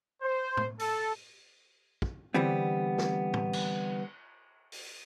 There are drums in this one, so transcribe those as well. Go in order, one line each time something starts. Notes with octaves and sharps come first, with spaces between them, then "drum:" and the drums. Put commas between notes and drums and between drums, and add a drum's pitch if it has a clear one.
C5
drum: tom
A4, drum: open hi-hat
drum: kick
D3 E3 G3 B3 C4
drum: snare
drum: tom
drum: cymbal
drum: open hi-hat